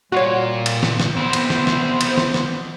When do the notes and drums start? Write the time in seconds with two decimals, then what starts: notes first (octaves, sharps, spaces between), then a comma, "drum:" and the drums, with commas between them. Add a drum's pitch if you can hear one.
0.12 A#2 G3 F4 F#4 C#5
0.66 drum: cymbal
0.83 drum: snare
1.00 drum: snare
1.16 B3 C4 E4 C5
1.33 drum: cymbal
1.50 drum: snare
1.67 drum: snare
2.01 drum: cymbal
2.17 drum: snare
2.34 drum: snare